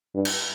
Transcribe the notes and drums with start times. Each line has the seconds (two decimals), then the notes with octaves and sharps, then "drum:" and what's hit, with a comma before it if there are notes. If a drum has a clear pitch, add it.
0.14 G2
0.25 drum: cymbal